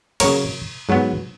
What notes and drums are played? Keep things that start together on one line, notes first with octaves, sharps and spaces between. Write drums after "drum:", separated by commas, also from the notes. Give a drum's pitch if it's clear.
C#3 F#3 A#3 A#4 C#5, drum: cymbal
G#2 F#3 B3